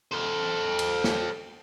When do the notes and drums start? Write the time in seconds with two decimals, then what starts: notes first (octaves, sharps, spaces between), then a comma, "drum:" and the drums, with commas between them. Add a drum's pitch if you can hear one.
0.12 A4 C5
0.79 drum: cymbal
1.04 drum: snare